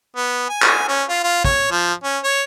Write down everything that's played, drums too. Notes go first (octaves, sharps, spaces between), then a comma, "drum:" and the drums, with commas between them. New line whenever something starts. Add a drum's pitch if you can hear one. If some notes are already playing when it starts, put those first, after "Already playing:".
B3
G#5
drum: clap
C#4
F4
F4
C#5, drum: kick
F3
C#4
C#5